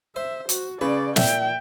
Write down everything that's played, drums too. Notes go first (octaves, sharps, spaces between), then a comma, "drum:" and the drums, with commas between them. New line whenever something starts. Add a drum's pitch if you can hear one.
C5 E5
F#4, drum: hi-hat
C#3 B4 D5
A#2 E5 G5, drum: snare